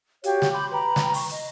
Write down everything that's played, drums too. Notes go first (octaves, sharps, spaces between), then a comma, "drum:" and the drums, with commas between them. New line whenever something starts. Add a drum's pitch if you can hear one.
F#4 G4 C#5 F5, drum: hi-hat
drum: snare
B5 C6 D6 G6
B4 G5 A#5 B5
drum: snare
C#6, drum: open hi-hat
D#5, drum: hi-hat